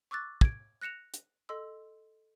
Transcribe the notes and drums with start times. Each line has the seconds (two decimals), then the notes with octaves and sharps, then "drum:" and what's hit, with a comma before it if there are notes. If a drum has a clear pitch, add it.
0.11 C#6 D6 E6 F#6 A6
0.41 G#6 D7, drum: kick
0.81 F#6 A#6 C#7 E7 F7
1.14 drum: hi-hat
1.49 A4 D#5 C6 E6